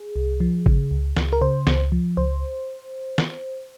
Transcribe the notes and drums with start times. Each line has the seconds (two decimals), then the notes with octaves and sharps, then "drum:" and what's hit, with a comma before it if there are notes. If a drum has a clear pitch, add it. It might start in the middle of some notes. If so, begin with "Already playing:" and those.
Already playing: G#4
0.16 C2
0.40 F3
0.66 C#3, drum: kick G#1
0.91 C#2
1.17 C#2, drum: snare
1.33 A#4
1.41 C#3 C5
1.67 C#2, drum: snare
1.92 F3
2.17 C#2 C5
3.18 drum: snare